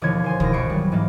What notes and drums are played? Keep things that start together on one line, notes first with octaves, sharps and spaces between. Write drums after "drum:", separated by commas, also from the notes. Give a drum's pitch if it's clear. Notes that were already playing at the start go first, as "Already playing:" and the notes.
E1 D#2 D3 F3 C#5 G#6
C5 G#5 C6
D#2 B2 A#6, drum: kick
G#1 C#6 C7 D7
F#3 G3
G#2 E3 A#3